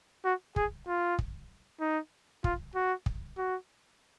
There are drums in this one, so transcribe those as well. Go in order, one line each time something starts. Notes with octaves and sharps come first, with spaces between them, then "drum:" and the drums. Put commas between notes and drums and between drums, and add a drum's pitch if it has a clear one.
F#4
G#4, drum: kick
F4
drum: kick
D#4
F4, drum: kick
F#4
drum: kick
F#4